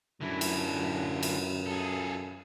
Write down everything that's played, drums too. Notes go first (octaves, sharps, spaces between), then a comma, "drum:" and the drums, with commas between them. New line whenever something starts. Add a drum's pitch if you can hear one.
F#2 D3 E4
drum: cymbal
drum: cymbal
G#4 A4